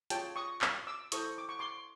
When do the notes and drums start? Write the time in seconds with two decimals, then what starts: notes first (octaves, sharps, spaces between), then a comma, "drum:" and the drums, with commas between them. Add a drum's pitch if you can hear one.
0.10 F4 G#4 C#5 G5 A5, drum: hi-hat
0.36 C#6 D#6
0.61 drum: clap
0.87 D6 E6
1.12 E4 A4 C5 C#6 D#6, drum: hi-hat
1.38 D6
1.49 C#6
1.59 C6 D6